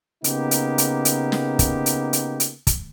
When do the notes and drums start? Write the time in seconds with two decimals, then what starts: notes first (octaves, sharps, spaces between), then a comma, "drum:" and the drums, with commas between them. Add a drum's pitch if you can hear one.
0.24 C#3 A#3 B3 D#4 G4, drum: hi-hat
0.51 drum: hi-hat
0.78 drum: hi-hat
1.05 drum: hi-hat
1.32 drum: snare
1.59 drum: kick, hi-hat
1.86 drum: hi-hat
2.13 drum: hi-hat
2.40 drum: hi-hat
2.67 drum: kick, hi-hat